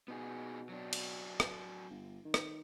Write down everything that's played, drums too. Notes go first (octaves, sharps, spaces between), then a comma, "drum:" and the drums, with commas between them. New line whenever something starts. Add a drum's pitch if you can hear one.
B2 B3 D#4 G#4
F#3 D4
drum: cymbal
drum: rim click
G1
D#3
drum: rim click